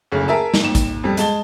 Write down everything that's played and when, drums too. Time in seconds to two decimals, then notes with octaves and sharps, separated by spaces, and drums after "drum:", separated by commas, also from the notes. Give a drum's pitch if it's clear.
0.12 F#1 D2 C#3
0.28 G#4 A#4 E5 G#5 A5
0.54 drum: snare
0.63 D#2 E7
0.75 drum: kick A1, hi-hat
1.04 F2 G3
1.17 G#3 A5 G7, drum: hi-hat